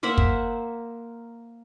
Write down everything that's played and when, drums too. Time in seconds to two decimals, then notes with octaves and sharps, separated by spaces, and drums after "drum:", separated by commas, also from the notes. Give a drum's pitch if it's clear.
0.03 A#3 C5 E5 F#5
0.18 drum: kick